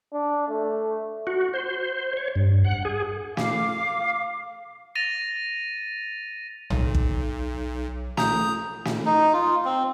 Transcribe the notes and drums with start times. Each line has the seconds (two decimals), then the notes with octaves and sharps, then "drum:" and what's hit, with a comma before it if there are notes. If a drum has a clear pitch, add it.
0.13 D4
0.48 A3
1.27 F#4
1.54 C5
2.17 C#5
2.36 G2
2.65 F#5
2.85 G#4
3.37 F5 D6, drum: snare
4.95 A6 A#6 D#7 F7
6.70 B1, drum: tom
6.95 drum: kick
8.17 A#5 D#6 G6, drum: snare
8.85 drum: snare
9.06 D#4
9.33 F4
9.65 C4